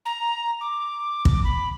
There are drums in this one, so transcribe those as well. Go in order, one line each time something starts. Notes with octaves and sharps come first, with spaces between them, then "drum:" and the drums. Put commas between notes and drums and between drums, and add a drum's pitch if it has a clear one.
A#5
D6
drum: kick
B5